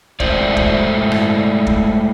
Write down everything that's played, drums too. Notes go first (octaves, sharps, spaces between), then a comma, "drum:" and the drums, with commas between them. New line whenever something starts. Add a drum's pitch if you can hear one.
G#3 A3 E4 C5 D5, drum: kick
drum: kick
drum: rim click
drum: kick